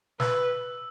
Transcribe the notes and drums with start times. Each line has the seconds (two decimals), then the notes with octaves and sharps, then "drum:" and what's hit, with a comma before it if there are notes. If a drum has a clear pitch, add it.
0.20 B4 E6, drum: snare